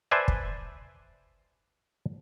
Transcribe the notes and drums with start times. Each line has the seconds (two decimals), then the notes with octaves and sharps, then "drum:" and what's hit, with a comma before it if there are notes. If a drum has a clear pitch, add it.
0.11 B4 C5 D5 E5 G#5 A5
0.28 drum: kick